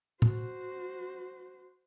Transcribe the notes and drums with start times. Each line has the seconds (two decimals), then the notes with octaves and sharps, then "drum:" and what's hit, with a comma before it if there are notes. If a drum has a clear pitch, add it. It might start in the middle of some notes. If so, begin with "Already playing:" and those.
0.22 F#4 C5, drum: tom